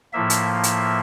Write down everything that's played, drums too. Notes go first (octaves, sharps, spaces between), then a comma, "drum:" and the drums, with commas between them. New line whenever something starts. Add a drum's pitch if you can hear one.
A2 F3 A#3 E5
drum: hi-hat
E5, drum: hi-hat